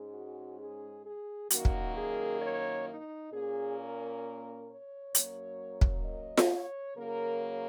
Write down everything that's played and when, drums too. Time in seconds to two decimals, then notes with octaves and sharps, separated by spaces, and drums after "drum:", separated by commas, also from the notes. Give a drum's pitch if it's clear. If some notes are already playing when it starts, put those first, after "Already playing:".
Already playing: G#2 G#3 C#4
0.14 F#4
0.59 G#4
1.06 G#4
1.50 F#2 D#3 A#3 F#4, drum: hi-hat
1.65 drum: kick
1.97 G#4
2.41 C#5
2.88 D#4
3.32 A#2 A#3 C#4 G#4
3.79 A#4
4.69 C#5
5.15 F#2 F#3 A#3, drum: hi-hat
5.81 drum: kick
6.05 D#5
6.38 drum: snare F4
6.51 C#5
6.97 C#3 F#3 A#3 A#4